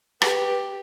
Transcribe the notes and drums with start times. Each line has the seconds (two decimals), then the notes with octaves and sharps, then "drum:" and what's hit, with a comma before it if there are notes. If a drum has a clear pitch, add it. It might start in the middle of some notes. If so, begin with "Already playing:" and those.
0.22 G4 B4, drum: rim click